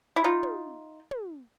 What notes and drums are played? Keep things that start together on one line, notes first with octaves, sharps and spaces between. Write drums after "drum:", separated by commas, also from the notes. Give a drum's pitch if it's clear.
E4
D#4 F4
drum: tom
drum: tom